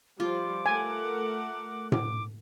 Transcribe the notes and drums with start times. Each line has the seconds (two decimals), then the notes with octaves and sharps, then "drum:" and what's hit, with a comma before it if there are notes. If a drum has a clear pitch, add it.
0.20 F3 G3 F4 D6
0.66 A3 A#4 F#5 G#5
1.92 D6, drum: tom A2